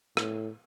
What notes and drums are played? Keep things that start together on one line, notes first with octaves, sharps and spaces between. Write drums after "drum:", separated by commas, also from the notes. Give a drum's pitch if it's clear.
A2, drum: rim click